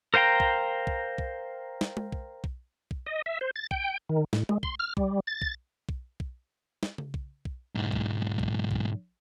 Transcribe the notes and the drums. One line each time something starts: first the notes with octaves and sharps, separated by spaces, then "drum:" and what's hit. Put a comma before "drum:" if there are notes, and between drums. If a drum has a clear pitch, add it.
A#4 C5 F5 G5 A#5
drum: kick
drum: kick
drum: kick
drum: snare
drum: tom G#3
drum: kick
drum: kick
drum: kick
D#5
E5
C5
A6
G5, drum: kick
D#3
A2, drum: snare
G#3, drum: tom G#3
C6, drum: kick
F6
G3, drum: kick
A6
drum: kick
drum: kick
drum: kick
drum: snare
drum: tom C#3
drum: kick
drum: kick
B1 G#2
drum: kick
drum: kick
drum: kick